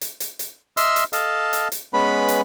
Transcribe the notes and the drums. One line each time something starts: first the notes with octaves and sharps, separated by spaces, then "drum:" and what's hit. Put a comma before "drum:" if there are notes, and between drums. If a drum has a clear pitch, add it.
drum: hi-hat
drum: hi-hat
drum: hi-hat
D#5 E5 C6 E6 F6, drum: hi-hat
drum: hi-hat
A4 D#5 F5 A5, drum: hi-hat
drum: hi-hat
drum: hi-hat
G#3 B3 C#4 B4 B5
drum: hi-hat